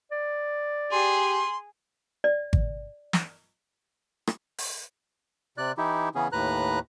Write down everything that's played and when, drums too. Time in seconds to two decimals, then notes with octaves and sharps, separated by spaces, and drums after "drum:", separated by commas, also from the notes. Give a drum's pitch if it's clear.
0.12 D5
0.92 G4 G#4 C6
2.24 D5
2.53 drum: kick G#1
3.13 drum: snare
4.27 drum: rim click
4.58 drum: open hi-hat
5.58 C3 D5 F#6
5.78 E3 D#4 E4 G4
6.15 C#3 E3 B3 C#4 G#4
6.32 D#2 A2 B4 A#5 F#6